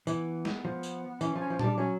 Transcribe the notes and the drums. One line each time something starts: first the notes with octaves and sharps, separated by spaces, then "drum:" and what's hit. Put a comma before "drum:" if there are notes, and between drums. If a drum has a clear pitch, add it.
E3 B3, drum: tambourine
drum: snare
F3
drum: tambourine
E3 C#4, drum: tambourine
F3 C#4
F3
G3 D4, drum: tom A#2
F#3 C#4